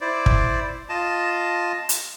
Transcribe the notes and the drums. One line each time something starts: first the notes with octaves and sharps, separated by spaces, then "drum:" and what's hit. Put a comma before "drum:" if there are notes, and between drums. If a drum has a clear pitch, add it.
E4 C5 D5
drum: kick
F4 D#5 A5
drum: hi-hat